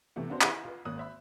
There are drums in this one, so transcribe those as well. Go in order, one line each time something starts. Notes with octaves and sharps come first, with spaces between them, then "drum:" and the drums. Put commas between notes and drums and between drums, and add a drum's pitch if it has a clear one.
C3 E3 A3 B3
B3 C#4 D4 F#4 C5
E4 G4 G#4 B4 E5 F5, drum: clap
F4 B4
G#1 A#3 C#5 D#6 F#6
C5 E5 B5